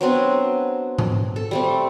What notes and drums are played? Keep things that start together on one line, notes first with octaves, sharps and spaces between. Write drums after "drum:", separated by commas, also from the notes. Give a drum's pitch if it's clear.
F#3 B3 C4 D4
drum: tom
A4
G3 A3 C4